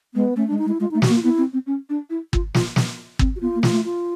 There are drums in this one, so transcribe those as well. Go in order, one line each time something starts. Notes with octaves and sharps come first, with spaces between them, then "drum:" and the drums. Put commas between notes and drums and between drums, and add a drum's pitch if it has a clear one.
G#3 B3
A3 C#4
G#3 D4
D#4
G#3
E4
G#3 F4
A3 D#4
F#4, drum: snare
A#3
F4
B3 E4
C4
C4
C#4
D4
E4
F4, drum: kick G1
F4, drum: snare
drum: snare
C4, drum: kick G1
F#4
B3 F4
A#3
F4, drum: snare
A3
F4